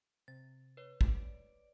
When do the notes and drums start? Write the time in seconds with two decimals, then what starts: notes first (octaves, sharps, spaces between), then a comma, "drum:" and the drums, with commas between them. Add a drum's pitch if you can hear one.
0.28 C3 A6
0.77 B4 C#5
1.01 D5, drum: kick